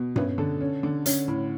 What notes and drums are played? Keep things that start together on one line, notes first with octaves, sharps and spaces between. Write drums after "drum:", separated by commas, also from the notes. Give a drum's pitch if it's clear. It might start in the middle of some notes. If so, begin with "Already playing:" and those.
Already playing: B2
C#4 B4, drum: tom G2
D3 A4
C#4
D3
C#4, drum: hi-hat
A2